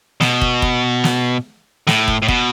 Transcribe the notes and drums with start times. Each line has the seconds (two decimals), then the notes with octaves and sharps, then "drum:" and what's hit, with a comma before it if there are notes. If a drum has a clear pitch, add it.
0.21 B2, drum: snare
0.41 drum: kick
0.62 drum: kick
1.04 drum: snare
1.87 A2, drum: snare
2.08 drum: kick
2.22 A2
2.28 B2, drum: kick